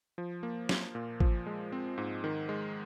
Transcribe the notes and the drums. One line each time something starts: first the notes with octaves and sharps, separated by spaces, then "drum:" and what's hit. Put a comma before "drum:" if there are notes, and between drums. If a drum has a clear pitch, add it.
F3
A#3
F4, drum: snare
A#2
F3, drum: kick G#1
G#3
C4
G#2
D#3
G#3